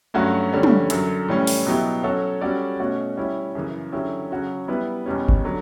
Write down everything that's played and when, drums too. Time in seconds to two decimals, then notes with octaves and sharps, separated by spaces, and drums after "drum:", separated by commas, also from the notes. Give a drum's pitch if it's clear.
0.14 G2 F#3 A3 C#4 F#4
0.52 D3 G3 C#4
0.63 drum: tom
0.90 F#2 D3 F#3, drum: hi-hat
1.28 A2 E3 G3 C#4
1.47 drum: open hi-hat
1.66 B2 F#3 B3 E4 G4
2.03 F#3 C#4 F#4 A4 C#5
2.41 G3 C#4 F#4 A4 D5
2.79 B2 A3 C#4 F#4
3.17 G3 C#4 E4
3.55 F#2 C#3 E3
3.92 D3 F#3 C#4 E4 G4
4.31 C#3 F#3 C#4 F#4 C#5
4.68 G3 B3 E4 B4
5.06 E2 B2 G3 C#4
5.29 drum: kick G1
5.45 D3 F#3